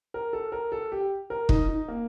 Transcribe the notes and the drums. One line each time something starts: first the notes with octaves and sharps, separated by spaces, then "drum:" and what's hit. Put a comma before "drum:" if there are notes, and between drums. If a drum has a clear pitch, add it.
A#4
A4
A#4
A4
G4
A#4
D#4, drum: kick
D#4
A#3